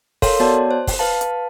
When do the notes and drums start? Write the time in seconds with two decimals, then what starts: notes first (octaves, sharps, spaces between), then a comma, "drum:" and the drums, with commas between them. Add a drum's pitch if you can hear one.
0.22 A4 A#4 C#5 F5 C6, drum: kick, open hi-hat
0.40 B3 F#4 C#5 D5 A5
0.71 C5
0.87 drum: kick, open hi-hat
0.99 B4 F5 A5
1.21 drum: hi-hat